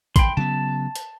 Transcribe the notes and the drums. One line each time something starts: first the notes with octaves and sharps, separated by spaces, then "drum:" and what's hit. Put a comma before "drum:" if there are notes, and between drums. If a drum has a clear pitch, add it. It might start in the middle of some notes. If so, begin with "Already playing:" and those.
G5 B5 C6, drum: kick A1, hi-hat
C#3 F#3 B3 A5
drum: hi-hat